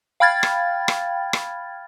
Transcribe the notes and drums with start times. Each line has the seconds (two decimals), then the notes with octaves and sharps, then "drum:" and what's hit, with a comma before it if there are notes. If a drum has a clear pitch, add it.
0.20 F5 G5 B5 F6 G#6 A6
0.43 drum: rim click
0.88 drum: rim click
1.33 drum: rim click